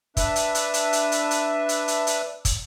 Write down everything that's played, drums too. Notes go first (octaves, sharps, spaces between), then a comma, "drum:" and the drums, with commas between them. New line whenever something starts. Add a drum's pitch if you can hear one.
D4 B4 E5, drum: kick, hi-hat
drum: hi-hat
drum: hi-hat
drum: hi-hat
drum: hi-hat
drum: hi-hat
drum: hi-hat
drum: hi-hat
drum: hi-hat
drum: hi-hat
drum: kick, hi-hat